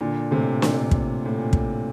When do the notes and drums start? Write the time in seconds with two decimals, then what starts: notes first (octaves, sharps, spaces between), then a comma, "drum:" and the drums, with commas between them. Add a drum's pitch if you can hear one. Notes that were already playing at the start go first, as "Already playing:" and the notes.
0.01 A#2 D3
0.31 A2 C3
0.62 A#2, drum: snare
0.91 A#2, drum: kick
1.25 A2
1.38 A#2
1.53 drum: kick